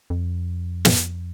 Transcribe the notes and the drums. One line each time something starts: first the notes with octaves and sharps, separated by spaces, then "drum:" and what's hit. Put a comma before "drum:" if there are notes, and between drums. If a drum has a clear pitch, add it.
F2
drum: snare